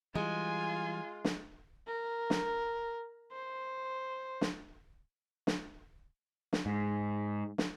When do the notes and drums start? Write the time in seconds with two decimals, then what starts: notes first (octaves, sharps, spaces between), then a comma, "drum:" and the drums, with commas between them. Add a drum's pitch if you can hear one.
0.15 E3 G3 G#3 F4 G#5
1.25 drum: snare
1.87 A#4
2.30 drum: snare
3.32 C5
4.41 drum: snare
5.47 drum: snare
6.53 drum: snare
6.66 G#2
7.58 drum: snare